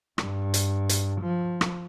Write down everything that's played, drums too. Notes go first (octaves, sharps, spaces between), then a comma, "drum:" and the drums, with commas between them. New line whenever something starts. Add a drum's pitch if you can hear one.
G2, drum: rim click
drum: hi-hat
drum: hi-hat
F3
drum: rim click